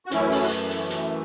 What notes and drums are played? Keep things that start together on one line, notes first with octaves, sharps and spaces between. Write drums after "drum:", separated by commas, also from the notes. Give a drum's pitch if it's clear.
F#4
F#2 E3 A3 C#4 E4, drum: hi-hat
drum: open hi-hat
F#4
drum: hi-hat
drum: hi-hat
drum: hi-hat